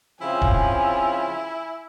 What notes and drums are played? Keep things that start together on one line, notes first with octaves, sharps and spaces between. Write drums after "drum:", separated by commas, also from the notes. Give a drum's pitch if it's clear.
C#3 F3 C4 C#4 E4 G#5
drum: kick D#1